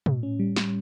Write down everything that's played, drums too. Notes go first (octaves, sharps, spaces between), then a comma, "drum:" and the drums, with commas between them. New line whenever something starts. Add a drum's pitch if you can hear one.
A2, drum: tom
C#4
G3
G3, drum: snare